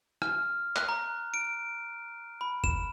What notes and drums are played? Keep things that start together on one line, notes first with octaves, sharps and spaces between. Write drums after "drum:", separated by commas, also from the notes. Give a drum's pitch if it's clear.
F6, drum: rim click
F#6, drum: clap
A#5
D7
B5
E7, drum: kick F#1